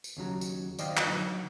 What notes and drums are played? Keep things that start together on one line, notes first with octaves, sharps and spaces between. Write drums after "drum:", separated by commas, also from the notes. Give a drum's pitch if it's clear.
drum: tambourine
D#2 C#3 F#3 A#5
drum: tambourine
D#3 C5 D5 D#5 F5 G5, drum: tambourine
drum: clap
D3 F3 F#3 D#4